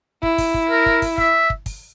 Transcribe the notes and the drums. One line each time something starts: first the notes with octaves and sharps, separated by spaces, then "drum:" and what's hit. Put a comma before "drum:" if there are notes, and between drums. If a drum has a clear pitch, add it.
E4, drum: kick
drum: kick, open hi-hat
drum: kick
A#4
drum: kick
drum: kick, open hi-hat
E5, drum: kick
drum: kick
drum: kick, open hi-hat